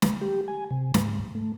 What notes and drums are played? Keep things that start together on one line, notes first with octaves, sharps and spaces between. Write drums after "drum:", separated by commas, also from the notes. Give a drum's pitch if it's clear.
drum: snare
G4
G#5
C3
G#2, drum: snare
A3